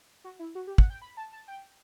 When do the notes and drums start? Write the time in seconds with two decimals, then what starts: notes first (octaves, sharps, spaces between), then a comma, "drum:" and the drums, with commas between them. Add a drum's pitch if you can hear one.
0.24 F#4
0.39 E4
0.55 F#4
0.67 G4
0.78 F#5, drum: kick
0.90 G5
1.02 B5
1.17 A5
1.33 A5
1.48 G5